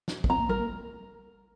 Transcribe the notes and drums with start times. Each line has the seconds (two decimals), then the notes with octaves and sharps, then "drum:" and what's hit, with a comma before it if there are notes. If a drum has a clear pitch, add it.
0.08 drum: snare
0.24 A#3, drum: kick
0.30 C4 A#5
0.39 A#3
0.49 G3 A#4
0.59 A#3